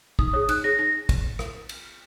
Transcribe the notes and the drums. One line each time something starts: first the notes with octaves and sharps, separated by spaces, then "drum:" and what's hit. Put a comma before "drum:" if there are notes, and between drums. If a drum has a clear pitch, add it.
D#4 D#6, drum: kick
G#4 C#5 D#6
D#4 F#6, drum: cymbal
G#4 C#5 A#6
D#4 A#6
drum: kick, cymbal
drum: rim click
drum: cymbal